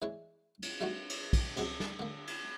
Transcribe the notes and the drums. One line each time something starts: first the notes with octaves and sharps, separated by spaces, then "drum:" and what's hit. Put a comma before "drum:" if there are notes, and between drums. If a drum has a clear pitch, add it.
E3 G#3 D4 E4 C#5
drum: cymbal
G3 A3 D4 D#4 F#4
drum: cymbal
drum: kick, cymbal
C#2 C3 F#3 G#3, drum: cymbal
drum: snare
D3 A#3
drum: cymbal